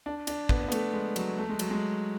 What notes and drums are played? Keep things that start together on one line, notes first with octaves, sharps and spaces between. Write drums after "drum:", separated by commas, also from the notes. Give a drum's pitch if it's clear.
D4
D4, drum: cymbal
B3, drum: kick
B3
A3, drum: cymbal
G#3
F#3, drum: cymbal
A3
G#3
F#3, drum: cymbal
G#3